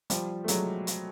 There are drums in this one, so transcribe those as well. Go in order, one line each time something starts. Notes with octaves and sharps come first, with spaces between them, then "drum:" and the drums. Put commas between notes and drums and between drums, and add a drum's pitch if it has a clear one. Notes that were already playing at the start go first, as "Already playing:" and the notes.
F3 G3, drum: hi-hat
A3
F#3 G#3, drum: hi-hat
drum: hi-hat